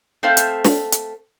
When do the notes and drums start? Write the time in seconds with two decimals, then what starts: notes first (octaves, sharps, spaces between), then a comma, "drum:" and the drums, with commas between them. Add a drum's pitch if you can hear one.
0.23 A3 C4 A4 C5 F5
0.37 drum: hi-hat
0.65 drum: snare
0.92 drum: hi-hat